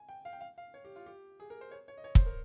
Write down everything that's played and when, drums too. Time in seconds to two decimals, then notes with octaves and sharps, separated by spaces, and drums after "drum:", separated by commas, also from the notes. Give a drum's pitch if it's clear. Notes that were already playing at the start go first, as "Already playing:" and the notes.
Already playing: G#5
0.09 G5
0.25 F5
0.33 G5
0.41 F5
0.58 F5
0.74 C#5
0.85 G4
0.96 F4
1.06 G4
1.40 G#4
1.50 A#4
1.61 C5
1.71 C#5
1.88 C#5
1.97 D#5
2.04 C#5
2.15 C5, drum: kick
2.26 A#4